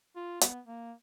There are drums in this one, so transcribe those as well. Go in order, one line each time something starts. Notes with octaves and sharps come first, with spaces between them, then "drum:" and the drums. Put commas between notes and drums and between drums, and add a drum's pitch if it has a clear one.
F4
B3, drum: hi-hat
A#3